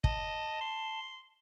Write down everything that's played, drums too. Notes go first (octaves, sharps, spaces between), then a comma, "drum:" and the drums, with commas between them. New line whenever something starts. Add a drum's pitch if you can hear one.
D#5 A5, drum: kick
C6